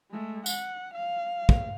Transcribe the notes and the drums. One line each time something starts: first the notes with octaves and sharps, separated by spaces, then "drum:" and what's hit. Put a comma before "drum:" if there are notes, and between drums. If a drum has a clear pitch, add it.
G#3 A3
F#5, drum: tambourine
F5
drum: kick